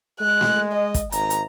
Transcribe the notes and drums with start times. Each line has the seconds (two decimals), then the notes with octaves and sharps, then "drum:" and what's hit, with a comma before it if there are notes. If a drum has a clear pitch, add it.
0.21 G#3 F#6
0.41 drum: snare A3
0.72 D#5
0.94 drum: kick, hi-hat
1.12 G#1 A#5, drum: hi-hat
1.30 drum: hi-hat